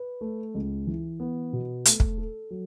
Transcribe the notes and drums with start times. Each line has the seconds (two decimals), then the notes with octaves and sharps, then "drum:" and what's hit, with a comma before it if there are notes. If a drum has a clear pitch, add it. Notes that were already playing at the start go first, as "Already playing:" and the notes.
Already playing: B4
0.21 A3
0.55 C#2
0.87 E3
1.20 B3
1.53 B2
1.85 A3, drum: hi-hat
2.00 drum: kick
2.18 A4
2.50 F#3